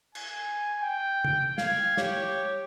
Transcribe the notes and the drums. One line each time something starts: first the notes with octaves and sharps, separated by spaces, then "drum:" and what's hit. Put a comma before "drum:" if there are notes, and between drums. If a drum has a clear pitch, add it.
G#5, drum: cymbal
G5
drum: tom
F5 G#6, drum: snare
G4 C#5, drum: snare